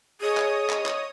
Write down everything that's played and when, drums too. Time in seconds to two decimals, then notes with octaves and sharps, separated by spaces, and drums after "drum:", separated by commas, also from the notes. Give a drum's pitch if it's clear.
0.21 G#4 C#5 D#5 D#6
0.37 drum: clap
0.70 drum: clap
0.86 drum: clap